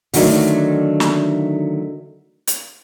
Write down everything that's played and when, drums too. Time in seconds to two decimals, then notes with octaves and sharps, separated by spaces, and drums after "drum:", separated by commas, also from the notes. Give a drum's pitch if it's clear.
0.14 D3 D#3 F#3 A3 D4 D#4, drum: open hi-hat
1.00 drum: snare
2.47 drum: hi-hat